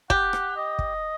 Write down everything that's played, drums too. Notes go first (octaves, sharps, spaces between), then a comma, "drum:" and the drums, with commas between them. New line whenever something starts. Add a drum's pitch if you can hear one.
G4 F#5, drum: kick
drum: rim click
D#5
drum: kick